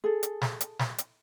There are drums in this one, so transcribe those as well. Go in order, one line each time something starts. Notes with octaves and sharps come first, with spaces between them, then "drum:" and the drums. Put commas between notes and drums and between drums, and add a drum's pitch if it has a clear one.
G#4 A4
drum: hi-hat
drum: snare
drum: hi-hat
drum: snare
drum: hi-hat